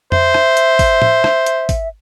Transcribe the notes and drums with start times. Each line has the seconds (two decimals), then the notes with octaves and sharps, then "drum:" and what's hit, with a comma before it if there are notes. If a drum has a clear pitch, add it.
0.12 C5 E5, drum: tom F2
0.34 drum: rim click
0.57 drum: hi-hat
0.79 drum: kick, open hi-hat
1.02 drum: tom
1.24 drum: rim click
1.46 drum: hi-hat
1.69 drum: kick, open hi-hat